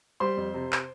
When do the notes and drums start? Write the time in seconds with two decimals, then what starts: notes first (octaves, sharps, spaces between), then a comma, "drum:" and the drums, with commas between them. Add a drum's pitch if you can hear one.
0.20 G3 C5 C6
0.37 F2
0.54 C3
0.72 drum: clap